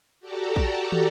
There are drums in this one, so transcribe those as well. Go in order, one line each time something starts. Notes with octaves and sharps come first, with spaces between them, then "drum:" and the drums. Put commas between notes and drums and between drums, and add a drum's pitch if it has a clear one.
F#4 G4 A4 D5 A5 A#5
drum: kick
drum: tom